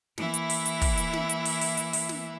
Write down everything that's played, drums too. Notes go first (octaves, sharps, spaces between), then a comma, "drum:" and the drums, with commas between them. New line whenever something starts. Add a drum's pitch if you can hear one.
E3 A#3 E4 E5, drum: snare
drum: hi-hat
drum: open hi-hat
drum: hi-hat
drum: kick, open hi-hat
drum: hi-hat
drum: snare
drum: hi-hat
drum: open hi-hat
drum: open hi-hat
drum: hi-hat
drum: open hi-hat
drum: snare